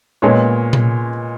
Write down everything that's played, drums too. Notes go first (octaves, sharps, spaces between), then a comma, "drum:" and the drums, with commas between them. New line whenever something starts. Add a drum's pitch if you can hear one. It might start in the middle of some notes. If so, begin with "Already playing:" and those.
A#2 G#3 B3 C#5
drum: tom A#2